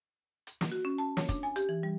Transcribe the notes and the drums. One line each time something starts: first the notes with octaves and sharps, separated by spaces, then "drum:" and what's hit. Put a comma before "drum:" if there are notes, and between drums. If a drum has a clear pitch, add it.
drum: hi-hat
drum: snare
F#4
C#4
A5
C#5, drum: snare
D4, drum: kick, hi-hat
G#5
G4, drum: hi-hat
E3
G3